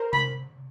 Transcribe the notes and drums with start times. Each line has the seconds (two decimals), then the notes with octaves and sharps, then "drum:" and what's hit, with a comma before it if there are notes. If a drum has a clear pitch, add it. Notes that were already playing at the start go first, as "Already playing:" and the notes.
Already playing: A#4 C5
0.13 B5, drum: tom C3